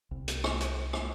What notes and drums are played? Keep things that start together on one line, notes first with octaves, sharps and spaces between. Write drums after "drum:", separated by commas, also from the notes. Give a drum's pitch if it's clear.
C2
drum: hi-hat
drum: rim click
drum: hi-hat
drum: rim click